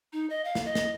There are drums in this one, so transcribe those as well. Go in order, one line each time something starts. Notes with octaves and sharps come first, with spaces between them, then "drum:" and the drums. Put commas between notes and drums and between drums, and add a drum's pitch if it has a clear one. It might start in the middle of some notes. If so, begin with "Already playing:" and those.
D#4
D#5
F5
drum: snare
D#5
drum: snare